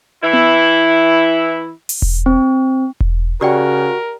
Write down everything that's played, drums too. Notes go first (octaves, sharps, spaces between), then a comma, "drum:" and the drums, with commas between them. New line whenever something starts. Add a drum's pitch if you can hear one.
E3 E4
drum: tom B3
drum: open hi-hat
drum: kick E1
C4
drum: kick E1
C#3 F#4 G4 A#4 D5 G5